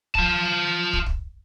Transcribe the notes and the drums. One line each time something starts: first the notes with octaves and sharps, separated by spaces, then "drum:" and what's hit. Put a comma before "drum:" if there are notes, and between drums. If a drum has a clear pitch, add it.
F4 A5, drum: kick
drum: kick
drum: kick